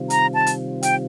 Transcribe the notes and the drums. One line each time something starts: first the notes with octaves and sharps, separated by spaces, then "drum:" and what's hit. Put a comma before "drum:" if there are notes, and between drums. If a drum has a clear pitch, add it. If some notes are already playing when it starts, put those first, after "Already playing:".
Already playing: C3 D#3 G3 C4 F4
A#5, drum: hi-hat
A5
drum: hi-hat
G5, drum: hi-hat